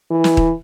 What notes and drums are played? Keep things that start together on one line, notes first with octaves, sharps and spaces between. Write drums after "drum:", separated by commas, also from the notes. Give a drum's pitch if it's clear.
E3
drum: snare
drum: kick D#1